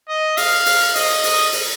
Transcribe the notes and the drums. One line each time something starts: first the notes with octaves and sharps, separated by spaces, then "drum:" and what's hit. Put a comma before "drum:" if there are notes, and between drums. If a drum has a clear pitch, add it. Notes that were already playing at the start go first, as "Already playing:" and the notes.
D#5
F5, drum: open hi-hat
drum: open hi-hat
D#5, drum: open hi-hat
drum: open hi-hat
drum: open hi-hat